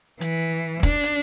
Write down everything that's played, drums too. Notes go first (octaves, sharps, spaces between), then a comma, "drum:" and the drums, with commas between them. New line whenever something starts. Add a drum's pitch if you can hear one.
E3, drum: hi-hat
D4, drum: kick, hi-hat
drum: hi-hat